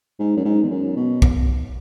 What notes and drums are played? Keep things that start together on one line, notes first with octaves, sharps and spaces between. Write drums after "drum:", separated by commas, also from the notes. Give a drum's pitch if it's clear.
G#2
F#2
G#2
E2
F#2
B2
drum: kick B1